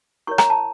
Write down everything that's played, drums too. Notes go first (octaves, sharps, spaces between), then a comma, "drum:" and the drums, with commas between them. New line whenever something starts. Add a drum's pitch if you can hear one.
E4 A#4 C#5 C#6
A#5, drum: rim click
A5